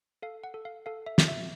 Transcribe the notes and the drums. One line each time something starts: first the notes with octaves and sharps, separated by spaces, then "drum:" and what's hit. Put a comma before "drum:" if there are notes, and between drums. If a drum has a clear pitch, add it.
A4 F5
F#5
A4
F5
A4 F5
E5
F4, drum: snare
E5